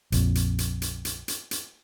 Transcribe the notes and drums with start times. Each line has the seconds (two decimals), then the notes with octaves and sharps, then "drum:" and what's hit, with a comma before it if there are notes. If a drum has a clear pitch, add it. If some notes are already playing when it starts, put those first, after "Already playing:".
0.12 A#1 F2, drum: hi-hat
0.35 drum: hi-hat
0.58 drum: hi-hat
0.82 drum: hi-hat
1.05 drum: hi-hat
1.28 drum: hi-hat
1.51 drum: hi-hat